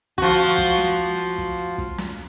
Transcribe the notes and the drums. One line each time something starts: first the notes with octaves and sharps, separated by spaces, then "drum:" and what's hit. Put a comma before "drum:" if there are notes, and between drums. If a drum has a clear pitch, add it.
F3 F#4, drum: kick, hi-hat
drum: hi-hat
drum: kick, hi-hat
drum: snare
drum: hi-hat
drum: hi-hat
drum: kick, hi-hat
drum: hi-hat
drum: kick, hi-hat
drum: snare